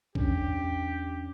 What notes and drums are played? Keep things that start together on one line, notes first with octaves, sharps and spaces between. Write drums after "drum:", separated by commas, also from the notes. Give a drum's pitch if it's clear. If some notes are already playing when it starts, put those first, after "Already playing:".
E2 C#4 D4 G4, drum: kick A#1